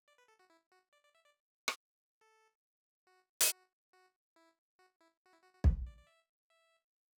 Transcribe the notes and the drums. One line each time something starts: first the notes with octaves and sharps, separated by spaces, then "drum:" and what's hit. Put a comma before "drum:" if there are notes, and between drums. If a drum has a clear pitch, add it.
D5
B4
A4
F#4
E4
F#4
D5
D5
E5
D5
drum: rim click
A4
F#4
drum: hi-hat
F#4
F#4
E4
F#4
E4
F#4
E4
F#4
F#4
B4, drum: kick B1
D5
D5
E5
E5